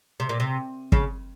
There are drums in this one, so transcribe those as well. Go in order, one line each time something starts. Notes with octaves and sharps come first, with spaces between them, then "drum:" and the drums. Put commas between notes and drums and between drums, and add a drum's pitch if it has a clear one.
C3
A#2
C3
C#3, drum: kick